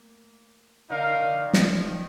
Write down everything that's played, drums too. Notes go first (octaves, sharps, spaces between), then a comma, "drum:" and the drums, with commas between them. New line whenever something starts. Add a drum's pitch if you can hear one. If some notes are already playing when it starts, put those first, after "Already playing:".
Already playing: A#3
D3 D#4 A#4 F5
D#3
D3
D#3
F3, drum: snare
F3
D#3